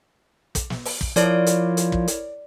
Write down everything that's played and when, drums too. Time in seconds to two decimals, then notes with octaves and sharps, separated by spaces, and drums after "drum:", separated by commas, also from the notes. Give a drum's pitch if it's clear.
0.55 drum: kick, hi-hat
0.70 drum: snare
0.85 drum: open hi-hat
1.01 drum: kick
1.16 F3 E4 A#4 C#5 D5, drum: hi-hat
1.46 drum: hi-hat
1.77 drum: hi-hat
1.92 drum: kick
2.08 drum: hi-hat